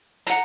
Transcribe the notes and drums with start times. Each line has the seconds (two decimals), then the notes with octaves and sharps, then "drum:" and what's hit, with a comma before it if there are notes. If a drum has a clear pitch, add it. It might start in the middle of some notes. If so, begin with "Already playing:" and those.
0.27 F#5 A#5, drum: hi-hat